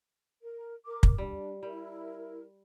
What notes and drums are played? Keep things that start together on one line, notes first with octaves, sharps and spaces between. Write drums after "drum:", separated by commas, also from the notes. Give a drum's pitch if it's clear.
A#4
A#4 D6
drum: kick
G3 D4
G3 E4 A#4